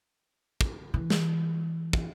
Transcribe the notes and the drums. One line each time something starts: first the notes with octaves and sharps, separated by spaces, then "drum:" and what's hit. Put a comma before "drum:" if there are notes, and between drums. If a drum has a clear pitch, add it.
drum: kick
E3
drum: snare
drum: kick